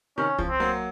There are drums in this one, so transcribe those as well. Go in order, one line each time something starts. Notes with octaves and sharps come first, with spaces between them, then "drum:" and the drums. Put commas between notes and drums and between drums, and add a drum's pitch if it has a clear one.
C3 D#3 C#4
C#3 F3, drum: kick
C4
F#3 A#3